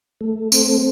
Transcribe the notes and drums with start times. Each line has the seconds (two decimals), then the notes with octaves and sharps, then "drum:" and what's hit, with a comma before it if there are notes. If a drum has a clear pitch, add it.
0.21 A3
0.52 C4, drum: tambourine